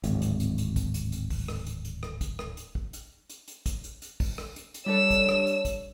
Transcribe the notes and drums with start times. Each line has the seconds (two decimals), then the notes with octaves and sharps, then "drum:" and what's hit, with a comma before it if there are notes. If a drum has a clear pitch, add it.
0.04 D1 G#1, drum: hi-hat
0.22 drum: hi-hat
0.40 drum: hi-hat
0.58 drum: hi-hat
0.76 drum: kick, hi-hat
0.94 drum: hi-hat
1.12 drum: hi-hat
1.30 drum: kick, open hi-hat
1.48 drum: rim click
1.67 drum: hi-hat
1.85 drum: hi-hat
2.03 drum: rim click
2.21 drum: kick, hi-hat
2.39 drum: rim click
2.57 drum: hi-hat
2.75 drum: kick
2.93 drum: hi-hat
3.30 drum: hi-hat
3.48 drum: hi-hat
3.66 drum: kick, hi-hat
3.84 drum: hi-hat
4.02 drum: hi-hat
4.20 drum: kick, open hi-hat
4.38 drum: rim click
4.56 drum: hi-hat
4.74 drum: hi-hat
4.86 G3 D4 A4 C#5 E6
5.11 drum: kick, hi-hat
5.29 drum: rim click
5.47 drum: hi-hat
5.65 drum: kick, hi-hat